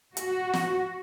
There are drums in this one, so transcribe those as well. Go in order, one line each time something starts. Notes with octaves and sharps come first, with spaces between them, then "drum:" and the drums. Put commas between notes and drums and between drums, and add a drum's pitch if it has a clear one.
F#4, drum: hi-hat
drum: snare